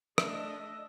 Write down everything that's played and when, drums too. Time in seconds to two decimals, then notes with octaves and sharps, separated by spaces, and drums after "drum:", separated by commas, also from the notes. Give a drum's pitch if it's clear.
0.18 A3 D4 D#5 E5, drum: rim click